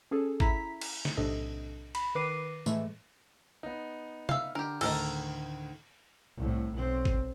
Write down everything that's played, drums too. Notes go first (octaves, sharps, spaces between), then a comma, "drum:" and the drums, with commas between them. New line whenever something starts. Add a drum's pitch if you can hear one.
C#4 G#4 A4
E4 A#5 B6, drum: kick
drum: cymbal
drum: snare
B1 A2 C3 D4 A4 D#5
B5, drum: cymbal
D#3 B4 D6 C7 D#7
A2 E3 G#3 A3, drum: tambourine
B3 D#4
E5 F5, drum: tom C3
D3 G4 A#4
D2 A2 D#3 A4 A#4 D#5, drum: cymbal
C2 A2
B1 C4
drum: kick